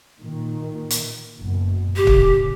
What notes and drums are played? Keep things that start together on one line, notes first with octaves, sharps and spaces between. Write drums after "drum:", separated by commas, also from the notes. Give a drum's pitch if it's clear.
A#2 D#3
drum: hi-hat
F#1 F#2 B2
A2 C#3 G4
drum: kick